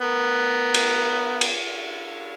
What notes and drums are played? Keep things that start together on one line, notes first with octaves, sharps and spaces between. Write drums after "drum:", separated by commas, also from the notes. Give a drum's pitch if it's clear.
B3 A#4
drum: cymbal
drum: cymbal